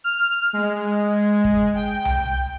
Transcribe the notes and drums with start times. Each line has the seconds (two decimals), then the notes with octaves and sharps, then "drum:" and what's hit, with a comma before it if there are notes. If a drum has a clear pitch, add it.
0.04 F6
0.53 G#3
1.44 drum: kick
1.75 G5
2.05 drum: tom C2